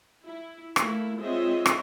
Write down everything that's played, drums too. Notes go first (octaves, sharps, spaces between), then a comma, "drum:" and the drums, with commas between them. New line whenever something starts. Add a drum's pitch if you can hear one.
E4
A3 A#3 E4, drum: rim click
G#3 C4 F4 C#5 D#5 E5
drum: rim click